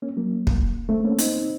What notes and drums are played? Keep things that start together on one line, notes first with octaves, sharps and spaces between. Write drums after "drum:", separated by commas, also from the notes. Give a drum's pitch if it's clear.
A#3 C#4
F#3 A#3
drum: kick
A3 C4
A#3 C#4
C4 D#4, drum: hi-hat